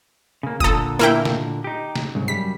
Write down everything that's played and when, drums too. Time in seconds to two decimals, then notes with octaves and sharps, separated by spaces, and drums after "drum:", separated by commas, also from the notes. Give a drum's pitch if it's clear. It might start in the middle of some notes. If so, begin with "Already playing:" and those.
0.43 C#3 A#3
0.60 A#2 D3 A4 D#6, drum: kick F1
0.99 A#3 E4 G5
1.25 drum: snare
1.64 D#4 G4
1.96 drum: snare
2.15 C2 G#2 C#3
2.28 F#2 C#3 G3 B6